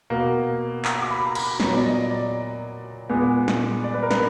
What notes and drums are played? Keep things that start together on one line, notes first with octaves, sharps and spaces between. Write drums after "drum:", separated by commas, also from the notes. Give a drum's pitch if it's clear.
B2 A#3
A#5, drum: clap
D6
B5
A#5
B5, drum: cymbal
A#2 F#3 B3 A#5, drum: snare
D5
D#5
D5
A#2 G#3 B3
drum: snare
D5
B4
A#4
B4, drum: snare